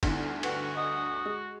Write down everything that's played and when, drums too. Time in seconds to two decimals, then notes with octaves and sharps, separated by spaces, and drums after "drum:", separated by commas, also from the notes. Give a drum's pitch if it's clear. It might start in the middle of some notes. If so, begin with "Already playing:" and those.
0.03 D2 G2 D3 B3 D#4 E4, drum: kick, cymbal
0.43 F#4 B4 F#5 G5, drum: cymbal
0.76 D#5 F#5 D#6
1.26 G#3